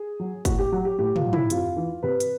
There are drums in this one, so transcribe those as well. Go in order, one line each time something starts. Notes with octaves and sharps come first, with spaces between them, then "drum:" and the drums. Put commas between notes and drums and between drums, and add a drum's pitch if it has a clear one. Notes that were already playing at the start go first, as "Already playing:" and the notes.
Already playing: G#4
F#3
A2 F#4, drum: kick, hi-hat
G4
F#3 F#4
G4
A2 G4
F4, drum: tom
F#3
E4, drum: tom
C3 F4, drum: hi-hat
E3
C3 B4
drum: hi-hat